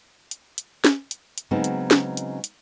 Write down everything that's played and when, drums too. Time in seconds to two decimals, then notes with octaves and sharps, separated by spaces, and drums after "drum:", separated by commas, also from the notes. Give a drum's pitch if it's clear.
0.31 drum: hi-hat
0.58 drum: hi-hat
0.84 drum: snare
1.11 drum: hi-hat
1.38 drum: hi-hat
1.51 C#3 F#3 G#3 B3 C4 D#4
1.64 drum: hi-hat
1.91 drum: snare
2.17 drum: hi-hat
2.44 drum: hi-hat